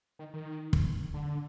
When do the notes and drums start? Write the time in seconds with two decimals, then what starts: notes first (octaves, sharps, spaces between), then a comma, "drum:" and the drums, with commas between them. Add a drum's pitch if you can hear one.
0.19 D#3
0.34 D#3
0.73 drum: kick
1.14 D3